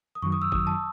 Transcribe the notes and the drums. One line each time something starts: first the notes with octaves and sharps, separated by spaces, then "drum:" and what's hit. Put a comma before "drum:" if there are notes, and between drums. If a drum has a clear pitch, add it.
D#6
F#2 D#3 F#3 C#6
D#6
E6
F#2 D#3 F#3 D#6, drum: kick
A5